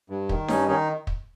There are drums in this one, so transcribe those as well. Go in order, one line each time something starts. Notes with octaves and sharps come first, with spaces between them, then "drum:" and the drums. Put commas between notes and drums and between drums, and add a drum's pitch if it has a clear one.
G2
D#3, drum: kick
G2 C#4 D#4, drum: snare D4
D#3 C#4 D#4
drum: kick